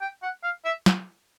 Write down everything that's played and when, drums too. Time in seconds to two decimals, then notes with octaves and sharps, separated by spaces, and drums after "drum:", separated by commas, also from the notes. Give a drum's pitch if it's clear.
0.01 G5
0.23 F#5
0.43 F5
0.65 E5
0.86 drum: snare